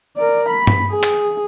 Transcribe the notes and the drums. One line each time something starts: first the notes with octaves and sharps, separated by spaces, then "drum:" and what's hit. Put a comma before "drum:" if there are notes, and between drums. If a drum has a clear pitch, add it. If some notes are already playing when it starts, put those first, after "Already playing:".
A#4 D5
B5
drum: tom G2
G#4
drum: clap